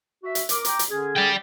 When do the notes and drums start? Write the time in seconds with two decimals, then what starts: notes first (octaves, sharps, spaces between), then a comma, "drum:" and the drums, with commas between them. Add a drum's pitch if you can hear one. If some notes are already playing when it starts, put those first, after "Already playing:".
0.23 F#4 E5
0.35 drum: hi-hat
0.49 A#4 D6, drum: hi-hat
0.65 G5 A#5 D6, drum: hi-hat
0.79 drum: hi-hat
0.89 D3 C#4 G#4
1.16 D5 G5